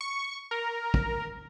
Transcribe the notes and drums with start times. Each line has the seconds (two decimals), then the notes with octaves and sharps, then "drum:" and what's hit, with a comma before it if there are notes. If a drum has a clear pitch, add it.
0.01 C#6
0.51 A#4
0.94 drum: kick